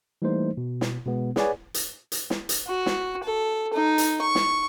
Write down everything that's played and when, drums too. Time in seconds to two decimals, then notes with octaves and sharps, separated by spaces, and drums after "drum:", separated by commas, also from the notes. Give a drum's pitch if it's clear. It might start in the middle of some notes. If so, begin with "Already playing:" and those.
0.22 E3 G3 A3 A#3 D#4 C5
0.57 B2
0.81 drum: snare
1.06 B2 G#3 B3
1.36 G#4 B4 C#5 D5 F#5 G#5, drum: snare
1.74 drum: hi-hat
2.12 drum: hi-hat
2.30 drum: snare
2.49 drum: hi-hat
2.67 F#4
2.86 drum: snare
3.23 A4
3.74 D#4
3.98 drum: hi-hat
4.22 C#6
4.35 drum: snare